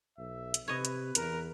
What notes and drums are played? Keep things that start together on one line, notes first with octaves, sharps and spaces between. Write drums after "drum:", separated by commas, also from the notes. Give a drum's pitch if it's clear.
B1 E5
drum: hi-hat
C3 B4 C#5 D#5
drum: hi-hat
E2 A#4, drum: hi-hat